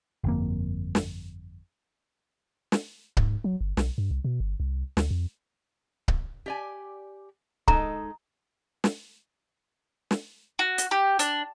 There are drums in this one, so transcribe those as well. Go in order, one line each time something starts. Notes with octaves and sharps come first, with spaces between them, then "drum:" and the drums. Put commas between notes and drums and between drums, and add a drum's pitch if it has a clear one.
G1 F2 A#3
drum: snare
drum: snare
G#2, drum: kick C#1
F#3
G1
B1, drum: snare
G2
C2
B2
G1
C2
D2, drum: snare
F2
drum: kick C#1
G4 D5 G#5
G#3 D#4 A4 A#5, drum: kick C#1
drum: snare
drum: snare
F#4
drum: hi-hat
G4
D4, drum: hi-hat